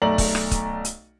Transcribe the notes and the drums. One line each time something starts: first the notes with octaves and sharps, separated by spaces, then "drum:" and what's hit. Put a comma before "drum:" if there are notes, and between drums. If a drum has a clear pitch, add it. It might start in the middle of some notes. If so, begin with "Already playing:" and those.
B1 A3 D5 A#5 F#7
drum: kick, open hi-hat
drum: rim click
drum: kick, hi-hat
drum: hi-hat